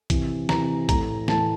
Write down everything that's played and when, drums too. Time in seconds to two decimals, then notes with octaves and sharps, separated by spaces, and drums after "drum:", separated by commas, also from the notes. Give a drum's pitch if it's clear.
0.10 C3 E3, drum: kick A#1, hi-hat
0.49 C3 E3 A#5, drum: snare
0.89 A2 E3 A#5, drum: kick A#1, hi-hat
1.28 A2 E3 A5, drum: snare